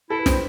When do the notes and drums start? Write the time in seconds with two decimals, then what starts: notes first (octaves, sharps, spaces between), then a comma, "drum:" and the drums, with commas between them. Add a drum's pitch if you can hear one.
0.10 E4 A4
0.19 B4
0.26 C5, drum: snare